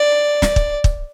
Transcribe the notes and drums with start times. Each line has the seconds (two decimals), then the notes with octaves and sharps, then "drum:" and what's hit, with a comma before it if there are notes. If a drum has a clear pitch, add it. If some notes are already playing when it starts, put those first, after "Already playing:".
Already playing: D5
0.42 drum: snare
0.56 drum: kick
0.84 drum: kick